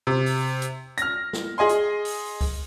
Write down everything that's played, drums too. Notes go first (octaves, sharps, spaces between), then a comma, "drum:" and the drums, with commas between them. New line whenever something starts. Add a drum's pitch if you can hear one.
C3
drum: open hi-hat
drum: hi-hat
F6 A#6, drum: hi-hat
drum: snare
G#4 D#5 G#5 C6
drum: hi-hat
drum: open hi-hat
drum: kick C#2, open hi-hat